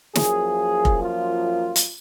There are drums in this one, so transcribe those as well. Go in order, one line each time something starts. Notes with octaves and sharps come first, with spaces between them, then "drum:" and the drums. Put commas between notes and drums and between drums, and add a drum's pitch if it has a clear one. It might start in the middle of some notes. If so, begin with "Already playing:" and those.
F#2 F3 A#3 G#4, drum: snare
drum: kick F1
F4
drum: hi-hat